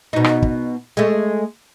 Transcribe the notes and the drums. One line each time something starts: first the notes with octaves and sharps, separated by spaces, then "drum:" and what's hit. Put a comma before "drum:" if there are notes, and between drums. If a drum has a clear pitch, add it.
B2 D#4
drum: rim click
drum: kick
G#3 A3